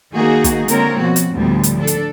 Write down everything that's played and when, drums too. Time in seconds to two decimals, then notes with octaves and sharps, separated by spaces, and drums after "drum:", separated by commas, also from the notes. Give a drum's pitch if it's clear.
0.15 D#3 A#3 D#4 F#4 G#4
0.44 drum: kick, hi-hat
0.68 D3 G#3 A#3 C4 A#4 C#5, drum: hi-hat
1.01 B2 F3 F#4
1.16 drum: hi-hat
1.33 D2 A2 D3 F3 G3 B3
1.63 drum: hi-hat
1.78 D4 A4
1.87 drum: hi-hat